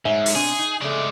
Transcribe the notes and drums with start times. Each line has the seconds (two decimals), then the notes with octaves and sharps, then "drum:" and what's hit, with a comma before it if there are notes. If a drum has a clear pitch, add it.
0.05 G#2 C#5 E5
0.26 drum: open hi-hat
0.35 B2 C4 D4 G#4
0.59 D#4
0.81 C#3 G#3 A3 D5